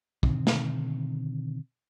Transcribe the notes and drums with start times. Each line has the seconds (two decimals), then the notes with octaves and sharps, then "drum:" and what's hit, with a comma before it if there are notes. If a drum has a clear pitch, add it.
0.23 B2 D3 D#3 C4, drum: kick
0.47 drum: snare